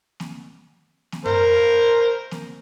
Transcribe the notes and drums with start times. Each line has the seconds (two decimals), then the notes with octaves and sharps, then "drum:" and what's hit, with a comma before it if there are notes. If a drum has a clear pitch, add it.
0.20 drum: snare A#3
1.12 drum: snare A#3
1.26 A#4 C5, drum: tom F#2
2.31 drum: snare A#3